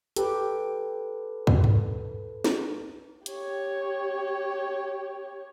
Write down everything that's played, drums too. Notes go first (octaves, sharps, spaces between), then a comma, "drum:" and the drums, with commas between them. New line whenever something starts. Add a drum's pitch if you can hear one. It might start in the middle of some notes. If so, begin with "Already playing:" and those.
G4 A4 B4, drum: hi-hat
drum: kick
drum: tom G2
drum: snare
G4 C#5, drum: hi-hat